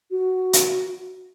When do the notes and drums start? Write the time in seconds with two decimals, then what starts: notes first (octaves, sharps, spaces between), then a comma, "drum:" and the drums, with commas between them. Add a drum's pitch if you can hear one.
0.11 F#4
0.53 drum: hi-hat